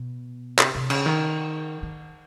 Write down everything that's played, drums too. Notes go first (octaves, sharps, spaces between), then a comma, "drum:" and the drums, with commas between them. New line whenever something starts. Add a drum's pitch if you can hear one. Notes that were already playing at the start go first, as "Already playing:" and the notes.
Already playing: B2
C3, drum: clap
C3
C#3, drum: cymbal
D#3
D#3